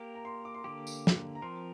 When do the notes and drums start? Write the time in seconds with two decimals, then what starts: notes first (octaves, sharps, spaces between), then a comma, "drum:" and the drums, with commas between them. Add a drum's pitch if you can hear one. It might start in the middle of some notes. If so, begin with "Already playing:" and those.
Already playing: A#3 G4 A#4
0.15 A#5
0.25 C6
0.45 D6
0.54 C6
0.64 D3 A#3 G4 D6
0.87 drum: tambourine
1.07 drum: snare
1.35 A#5
1.42 F3 C4 A#4 C6